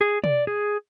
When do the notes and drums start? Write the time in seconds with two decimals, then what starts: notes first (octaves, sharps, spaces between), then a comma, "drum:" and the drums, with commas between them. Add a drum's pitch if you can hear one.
0.01 G#4
0.24 D5, drum: tom
0.47 G#4